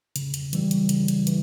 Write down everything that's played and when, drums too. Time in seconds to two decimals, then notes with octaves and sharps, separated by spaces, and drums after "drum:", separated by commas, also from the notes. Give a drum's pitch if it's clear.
0.16 C#3, drum: hi-hat
0.34 drum: hi-hat
0.53 E3 G3, drum: hi-hat
0.71 drum: hi-hat
0.89 C#3, drum: hi-hat
1.08 drum: hi-hat
1.27 E3, drum: hi-hat